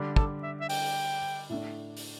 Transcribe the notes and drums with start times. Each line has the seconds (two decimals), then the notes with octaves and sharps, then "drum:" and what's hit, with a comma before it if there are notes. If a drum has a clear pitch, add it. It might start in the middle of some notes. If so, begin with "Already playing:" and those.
Already playing: D3 G3 D4
0.16 A4, drum: kick
0.43 E5
0.61 E5
0.69 G5, drum: open hi-hat
1.49 A2 A3 D4
1.97 drum: open hi-hat